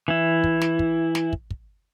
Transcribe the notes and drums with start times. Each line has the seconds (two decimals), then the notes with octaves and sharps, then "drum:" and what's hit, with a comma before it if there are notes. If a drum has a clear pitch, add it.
0.08 E3 E4
0.44 drum: kick
0.61 drum: snare
0.79 drum: kick
1.15 drum: snare
1.33 drum: kick
1.50 drum: kick